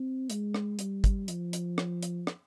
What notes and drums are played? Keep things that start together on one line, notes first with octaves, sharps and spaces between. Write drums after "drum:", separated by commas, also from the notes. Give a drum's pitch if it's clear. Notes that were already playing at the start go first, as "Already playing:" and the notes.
Already playing: C4
G#3, drum: hi-hat
drum: rim click
G3, drum: hi-hat
drum: kick, hi-hat
F3, drum: hi-hat
drum: hi-hat
drum: rim click
drum: hi-hat
drum: rim click